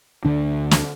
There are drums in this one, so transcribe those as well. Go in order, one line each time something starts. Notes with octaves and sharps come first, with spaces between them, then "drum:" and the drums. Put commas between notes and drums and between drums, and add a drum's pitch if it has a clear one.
D2 D3 D4
drum: snare